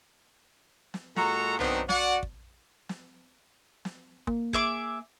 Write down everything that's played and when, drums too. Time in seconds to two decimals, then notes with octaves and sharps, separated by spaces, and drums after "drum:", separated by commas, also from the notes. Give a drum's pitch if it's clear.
0.94 drum: snare
1.16 A#2 G#3 F#4 A4 A#5, drum: snare
1.59 D#3 F#3 B3 C4 D4 D#4, drum: tom
1.89 F#4 D5 F#5, drum: snare
2.23 drum: kick
2.89 drum: snare
3.85 drum: snare
4.27 A#3, drum: kick
4.53 G#4 E5 D6, drum: kick